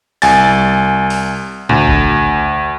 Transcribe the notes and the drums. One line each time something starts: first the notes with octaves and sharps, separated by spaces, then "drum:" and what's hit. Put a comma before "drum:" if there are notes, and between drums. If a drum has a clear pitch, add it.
C2 G#5 A6, drum: open hi-hat
drum: open hi-hat
D2, drum: tom A2
drum: kick